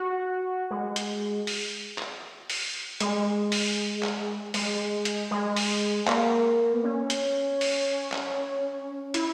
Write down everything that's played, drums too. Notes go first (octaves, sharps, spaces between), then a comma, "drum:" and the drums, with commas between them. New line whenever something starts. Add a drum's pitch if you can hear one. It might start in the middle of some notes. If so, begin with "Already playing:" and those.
Already playing: F#4
G#3
drum: hi-hat
drum: open hi-hat
drum: clap
drum: open hi-hat
G#3, drum: hi-hat
drum: open hi-hat
drum: clap
G#3, drum: open hi-hat
drum: hi-hat
G#3
drum: open hi-hat
A#3, drum: clap
B3
C#4
drum: hi-hat
drum: open hi-hat
drum: clap
E4, drum: hi-hat